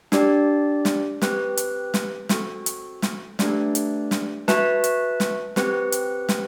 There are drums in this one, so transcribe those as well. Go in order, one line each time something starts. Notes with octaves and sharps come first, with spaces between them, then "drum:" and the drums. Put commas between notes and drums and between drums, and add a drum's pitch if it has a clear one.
D4 G4 D5, drum: snare
drum: snare
C4 G4 B4, drum: snare
drum: hi-hat
drum: snare
C4 F#4 A4, drum: snare
drum: hi-hat
drum: snare
A3 D4 G4 B4 D5, drum: snare
drum: hi-hat
drum: snare
F#4 B4 E5 A5, drum: snare
drum: hi-hat
drum: snare
C4 G4 B4 F#5, drum: snare
drum: hi-hat
drum: snare